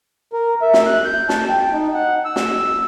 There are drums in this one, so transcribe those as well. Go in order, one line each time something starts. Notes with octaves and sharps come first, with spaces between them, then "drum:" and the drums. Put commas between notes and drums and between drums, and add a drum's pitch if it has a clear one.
A#4
E5
drum: snare
F#6
G6
A5, drum: snare
G5
D#4
F#5
E6
drum: snare